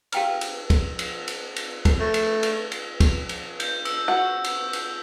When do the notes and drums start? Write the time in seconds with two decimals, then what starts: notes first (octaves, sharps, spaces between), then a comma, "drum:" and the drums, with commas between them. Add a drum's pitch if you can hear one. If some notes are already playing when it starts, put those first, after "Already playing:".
0.12 G4 F5 G5 A#5 F6, drum: cymbal
0.41 drum: cymbal
0.70 drum: kick, cymbal
0.99 drum: cymbal
1.28 drum: cymbal
1.56 drum: cymbal
1.85 drum: kick, cymbal
2.00 A3
2.14 drum: cymbal
2.43 drum: cymbal
2.72 drum: cymbal
3.00 drum: kick, cymbal
3.29 drum: cymbal
3.60 G6, drum: cymbal
3.85 E6, drum: cymbal
4.08 F#4
4.44 drum: cymbal
4.73 drum: cymbal